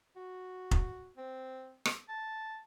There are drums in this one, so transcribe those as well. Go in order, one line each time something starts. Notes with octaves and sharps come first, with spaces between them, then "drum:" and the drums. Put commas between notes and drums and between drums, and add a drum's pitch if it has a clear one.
F#4
drum: kick F1
C4
drum: rim click
A5